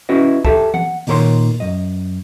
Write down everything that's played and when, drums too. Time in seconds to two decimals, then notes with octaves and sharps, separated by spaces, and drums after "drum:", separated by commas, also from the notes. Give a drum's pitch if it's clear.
0.09 C#4 E4 F#4 B4 D#5
0.45 G4 A4 E5 A5, drum: kick
0.74 F#5, drum: tom E3
1.07 D#2 A#2 D#3 A#4 C#5 C6, drum: open hi-hat
1.60 F#2 D#5